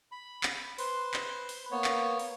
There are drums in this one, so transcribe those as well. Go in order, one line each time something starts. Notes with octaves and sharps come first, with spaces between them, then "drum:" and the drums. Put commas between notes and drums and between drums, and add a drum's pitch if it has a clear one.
B5
drum: clap
B4 C5 C6, drum: open hi-hat
drum: clap
drum: open hi-hat
A#3 B3 C#5
drum: clap
drum: open hi-hat